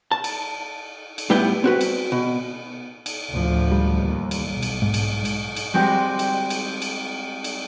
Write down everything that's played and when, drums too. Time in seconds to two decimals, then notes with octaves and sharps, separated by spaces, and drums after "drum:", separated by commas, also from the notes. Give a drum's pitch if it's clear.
0.11 A5
0.24 drum: cymbal
1.18 drum: cymbal
1.30 A2 G3 B3 E4 B4 G5
1.64 C4 F#4 B4
1.81 drum: cymbal
2.12 B2
3.06 drum: cymbal
3.32 D2 A2 F3
3.72 G3
4.03 D#2
4.31 drum: cymbal
4.51 B1
4.62 drum: cymbal
4.82 G#2
4.94 drum: cymbal
5.25 drum: cymbal
5.56 drum: cymbal
5.74 G3 G#3 C4 F#4 G4
6.19 drum: cymbal
6.50 drum: cymbal
6.82 drum: cymbal
7.44 drum: cymbal